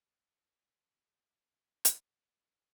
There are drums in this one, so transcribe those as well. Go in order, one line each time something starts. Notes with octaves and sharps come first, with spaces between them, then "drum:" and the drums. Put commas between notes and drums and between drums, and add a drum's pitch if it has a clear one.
G4
drum: hi-hat
E4